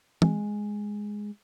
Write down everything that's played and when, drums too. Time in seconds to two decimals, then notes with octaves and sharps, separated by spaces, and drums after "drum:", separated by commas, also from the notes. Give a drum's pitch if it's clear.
0.22 G#3, drum: tom